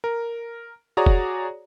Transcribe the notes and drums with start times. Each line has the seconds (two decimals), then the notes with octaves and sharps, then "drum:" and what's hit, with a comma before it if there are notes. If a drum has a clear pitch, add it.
0.04 A#4
0.97 F#4 G#4 C#5 D5 A#5 D#6
1.06 drum: kick F1